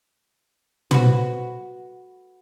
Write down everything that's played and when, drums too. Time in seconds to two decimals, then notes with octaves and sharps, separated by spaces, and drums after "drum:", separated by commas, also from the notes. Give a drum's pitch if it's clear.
0.91 F#4 B4, drum: tom